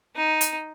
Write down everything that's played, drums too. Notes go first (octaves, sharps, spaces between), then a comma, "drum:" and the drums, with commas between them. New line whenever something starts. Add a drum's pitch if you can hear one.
D#4
drum: hi-hat